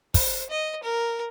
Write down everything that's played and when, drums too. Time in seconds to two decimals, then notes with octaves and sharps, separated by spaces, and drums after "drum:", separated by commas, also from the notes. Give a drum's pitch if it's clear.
0.14 C5, drum: kick, open hi-hat
0.50 D#5
0.84 A#4